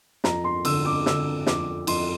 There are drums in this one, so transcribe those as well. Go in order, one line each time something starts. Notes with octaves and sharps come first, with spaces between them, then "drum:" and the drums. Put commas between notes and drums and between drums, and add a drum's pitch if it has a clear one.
F2 A#5, drum: snare
C6
D3 E6, drum: cymbal
D6
D3 E6, drum: snare
F2 D6, drum: snare
F2 C6, drum: cymbal